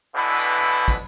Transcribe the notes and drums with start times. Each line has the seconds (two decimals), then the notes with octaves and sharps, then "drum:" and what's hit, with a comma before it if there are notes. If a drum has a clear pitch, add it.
0.15 B2 D3 E3 E4 B4
0.40 drum: tambourine
0.88 drum: kick, tambourine